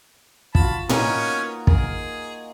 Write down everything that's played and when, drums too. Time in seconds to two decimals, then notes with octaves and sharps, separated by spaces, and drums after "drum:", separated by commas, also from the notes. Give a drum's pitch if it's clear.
0.55 F4 F#4 A5 B5, drum: kick
0.89 A#3 B3 C#4 D#4 A#4, drum: tom A2
1.67 G#4 A#4, drum: kick